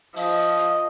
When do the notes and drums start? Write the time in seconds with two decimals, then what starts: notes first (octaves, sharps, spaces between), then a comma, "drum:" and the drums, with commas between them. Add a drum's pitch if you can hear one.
0.16 F3 D#5, drum: open hi-hat
0.59 drum: hi-hat